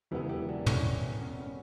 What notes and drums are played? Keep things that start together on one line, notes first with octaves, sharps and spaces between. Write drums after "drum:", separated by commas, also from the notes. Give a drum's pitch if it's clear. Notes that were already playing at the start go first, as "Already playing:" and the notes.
E1 E2 C#3 F#3 B3 E4 G4
E4 G4
D4 F#4
D4
C#4 E4, drum: tom
C#4
C#4